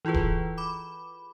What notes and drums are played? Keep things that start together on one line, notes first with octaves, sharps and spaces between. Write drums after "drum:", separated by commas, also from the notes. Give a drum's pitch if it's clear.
E3 E4 F4 G#4 B4
drum: kick D1
B5 D6